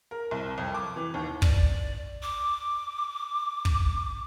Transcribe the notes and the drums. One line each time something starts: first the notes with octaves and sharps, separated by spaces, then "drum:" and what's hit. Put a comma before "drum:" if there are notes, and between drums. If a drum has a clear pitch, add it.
A#4
C2
F2
D6
E3
D#2
D5, drum: kick
D6
drum: kick